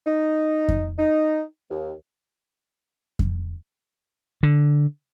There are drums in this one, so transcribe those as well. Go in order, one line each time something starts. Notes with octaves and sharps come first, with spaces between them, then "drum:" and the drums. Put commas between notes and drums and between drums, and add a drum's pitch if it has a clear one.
D#4
drum: kick F2
D#4
D#2
drum: kick F2
D3